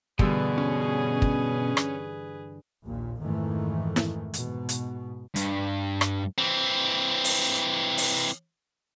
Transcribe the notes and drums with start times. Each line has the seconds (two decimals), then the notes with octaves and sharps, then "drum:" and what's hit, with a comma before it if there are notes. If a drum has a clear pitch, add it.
0.19 G2 B2 D3 E3 G#4 B4, drum: kick
0.58 C#4
1.22 drum: kick
1.77 drum: rim click
2.84 A#1 D#2 A#2
3.21 F2 G#2 D#3 E3 A3
3.96 drum: snare E4
4.34 G#2 B2, drum: hi-hat
4.69 drum: hi-hat
5.36 G2, drum: hi-hat
6.01 drum: rim click
6.38 E3 C4
7.24 drum: open hi-hat
7.97 drum: open hi-hat